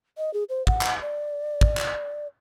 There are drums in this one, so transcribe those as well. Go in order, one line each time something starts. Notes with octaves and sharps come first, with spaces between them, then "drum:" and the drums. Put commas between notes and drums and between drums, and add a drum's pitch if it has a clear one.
D#5
G#4
C5
F#5, drum: kick
drum: clap
D5
drum: kick
drum: clap